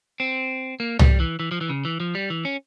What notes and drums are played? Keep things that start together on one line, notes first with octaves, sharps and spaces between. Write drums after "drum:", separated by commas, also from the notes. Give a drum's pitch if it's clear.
C4
A#3
G3, drum: tom C2
E3
E3
F3
E3
C#3
E3
F3
G3
E3
C#4